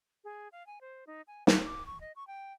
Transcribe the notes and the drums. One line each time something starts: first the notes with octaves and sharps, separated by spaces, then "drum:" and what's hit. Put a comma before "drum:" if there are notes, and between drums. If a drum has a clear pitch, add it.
G#4
F5
G#5
C5
D#4
G#5
C5, drum: snare
D6
C#6
D#5
C#6
G5